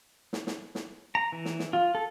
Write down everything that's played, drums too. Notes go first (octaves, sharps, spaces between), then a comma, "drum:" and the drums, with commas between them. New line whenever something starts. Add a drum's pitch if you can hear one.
drum: snare
drum: snare
drum: snare
A#5
E3
drum: snare
drum: snare
F4
A4